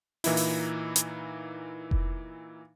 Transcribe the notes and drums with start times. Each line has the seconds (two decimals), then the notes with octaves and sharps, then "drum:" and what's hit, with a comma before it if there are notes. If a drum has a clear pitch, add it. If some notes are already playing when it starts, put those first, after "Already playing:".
0.24 A#2 E3 D#4 E4, drum: open hi-hat
0.37 drum: open hi-hat
0.96 drum: hi-hat
1.91 drum: kick F1